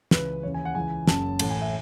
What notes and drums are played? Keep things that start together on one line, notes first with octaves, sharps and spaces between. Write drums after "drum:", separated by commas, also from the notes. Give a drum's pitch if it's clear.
C#2 C#3 E3 B4, drum: snare
D#2 C#3 E3 C#5
G#5
F#5
C#2 C#3 E3 G#5
F#1 F#2 C#3 A5, drum: snare
A1 A2 E3 A5, drum: cymbal
G#5
E5